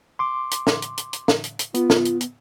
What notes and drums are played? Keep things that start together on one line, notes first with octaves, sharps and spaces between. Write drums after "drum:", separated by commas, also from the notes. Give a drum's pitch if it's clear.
C6 D6
drum: hi-hat
drum: snare
drum: hi-hat
drum: hi-hat
drum: hi-hat
drum: snare
drum: hi-hat
drum: hi-hat
B3 F4, drum: hi-hat
drum: snare
drum: hi-hat
drum: hi-hat